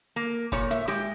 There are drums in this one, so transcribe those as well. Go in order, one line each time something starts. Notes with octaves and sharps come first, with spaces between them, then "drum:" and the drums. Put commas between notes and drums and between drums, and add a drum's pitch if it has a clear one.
A#3
A#2 C#5, drum: kick
E5, drum: snare
G#3 G4